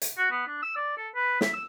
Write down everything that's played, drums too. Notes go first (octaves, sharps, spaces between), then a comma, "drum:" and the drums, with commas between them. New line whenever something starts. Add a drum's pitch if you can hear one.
drum: hi-hat
F#4
B3
D4
E6
D5
A4
B4
E5, drum: snare
E6